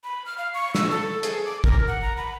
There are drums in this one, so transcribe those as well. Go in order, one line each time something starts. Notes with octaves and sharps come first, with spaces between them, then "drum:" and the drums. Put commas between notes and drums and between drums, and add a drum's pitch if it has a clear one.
B5
F6
F5
C#6
E6, drum: snare
A4
G#4, drum: hi-hat
D6
A#4, drum: kick
F#5
A#5
B5